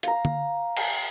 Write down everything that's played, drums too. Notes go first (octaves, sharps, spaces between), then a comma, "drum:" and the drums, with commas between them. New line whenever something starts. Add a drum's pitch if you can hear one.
F5 A#5, drum: hi-hat
drum: tom D3
drum: cymbal